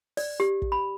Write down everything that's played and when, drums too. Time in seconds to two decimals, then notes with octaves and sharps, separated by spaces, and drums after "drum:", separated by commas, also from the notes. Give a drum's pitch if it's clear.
0.17 D5, drum: open hi-hat
0.40 G4
0.62 drum: kick
0.72 B5